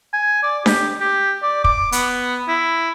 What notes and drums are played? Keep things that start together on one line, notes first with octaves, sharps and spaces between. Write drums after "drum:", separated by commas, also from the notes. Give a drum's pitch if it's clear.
G#5
D5
G4, drum: snare D4
G4
D5
D6, drum: kick
B3, drum: hi-hat
E4